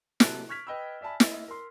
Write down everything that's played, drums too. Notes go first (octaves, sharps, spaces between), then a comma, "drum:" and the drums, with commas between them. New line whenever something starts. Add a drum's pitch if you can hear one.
C3 F#3 A4 F#6 D7, drum: snare
C#6 F6 G#6 B6 F7
B4 D#5 G5 B5 E6
D5 E5 G#5 A5 B5
E4 D#5, drum: snare
A#4 C6